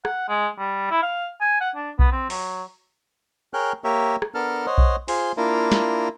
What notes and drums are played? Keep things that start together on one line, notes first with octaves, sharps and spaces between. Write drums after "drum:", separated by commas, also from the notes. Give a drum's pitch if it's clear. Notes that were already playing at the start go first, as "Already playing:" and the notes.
F#5, drum: rim click
G#3
G3
E4
F5
G#5
F#5
D4
B3, drum: kick B1
C4
F#3, drum: open hi-hat
G#4 A#4 C#5 G5 F6 F#6
A#3 G4 A#4 C#5 E5
drum: rim click
B3 D4 A4 A#4 A5 F6
C5 C#5 D#5 F#5
drum: kick B1
F4 G#4 C5 C6, drum: open hi-hat
A#3 D4 E4 F4 A#4
drum: snare